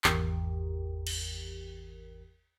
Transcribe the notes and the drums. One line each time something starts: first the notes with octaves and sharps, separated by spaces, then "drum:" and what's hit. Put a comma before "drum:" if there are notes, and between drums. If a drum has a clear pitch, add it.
G#1 E2 G4 A#4, drum: clap
drum: cymbal